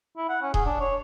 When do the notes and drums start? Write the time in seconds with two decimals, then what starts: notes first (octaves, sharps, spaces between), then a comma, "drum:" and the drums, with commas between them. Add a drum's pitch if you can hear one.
0.17 E4
0.29 F#5
0.42 C#4
0.54 G#4, drum: kick D#1
0.66 D4
0.80 C#5